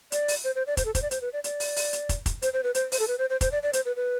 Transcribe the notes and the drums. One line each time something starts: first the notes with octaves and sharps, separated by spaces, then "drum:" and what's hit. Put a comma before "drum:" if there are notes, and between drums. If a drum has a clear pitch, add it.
D5, drum: hi-hat
drum: open hi-hat
C5
C5
D5
C5, drum: kick, hi-hat
A4
C5, drum: kick, hi-hat
D5
C5, drum: hi-hat
B4
D5
D5, drum: hi-hat
drum: open hi-hat
drum: open hi-hat
drum: hi-hat
drum: kick, hi-hat
drum: kick, hi-hat
C5, drum: hi-hat
C5
B4
C5, drum: hi-hat
C5, drum: open hi-hat
A4
B4
C5
C5
C5, drum: kick, hi-hat
D5
D5
C5, drum: hi-hat
B4
B4